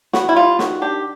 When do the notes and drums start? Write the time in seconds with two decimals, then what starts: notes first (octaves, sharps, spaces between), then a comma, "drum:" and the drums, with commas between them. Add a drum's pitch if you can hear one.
0.13 B3 F#4, drum: snare
0.29 E4
0.36 G3 F4
0.59 D#3 F#4, drum: snare
0.82 D4 G4